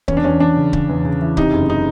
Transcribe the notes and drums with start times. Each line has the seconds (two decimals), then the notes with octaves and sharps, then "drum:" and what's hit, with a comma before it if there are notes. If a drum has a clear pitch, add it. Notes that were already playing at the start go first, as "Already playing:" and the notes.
0.08 E2 C#4, drum: kick C#1
0.17 D4
0.24 E2 C#4
0.40 E2 D4
0.56 C#3
0.73 C#3, drum: kick C#1
0.89 E2
1.05 C#3
1.22 E3
1.37 C3 D#4, drum: kick C#1
1.53 F#1
1.70 D#4